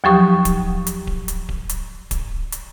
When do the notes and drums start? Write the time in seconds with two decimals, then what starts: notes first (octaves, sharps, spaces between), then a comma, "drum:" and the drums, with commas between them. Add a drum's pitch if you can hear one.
0.04 D#2 F3 F#3 G4 C#6 D#6
0.45 drum: kick D1, hi-hat
0.87 drum: hi-hat
1.07 drum: kick D1
1.28 drum: hi-hat
1.49 drum: kick D1
1.69 drum: hi-hat
2.11 drum: kick D1, hi-hat
2.52 drum: hi-hat